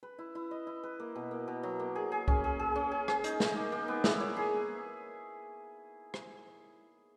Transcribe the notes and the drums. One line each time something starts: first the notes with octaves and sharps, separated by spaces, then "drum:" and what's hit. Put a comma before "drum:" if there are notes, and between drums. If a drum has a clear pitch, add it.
B4
E4
E4
D#5
E4
B4
A#3
B2
A#3
B2
F#3
A#3
G#4
G#4
C#4, drum: kick C2
G#4
G#4
C#4
G#4
G#4, drum: rim click
D#4, drum: hi-hat
D#4, drum: snare
A#3
A#3
B3
E4, drum: snare
C#5
G#4
drum: rim click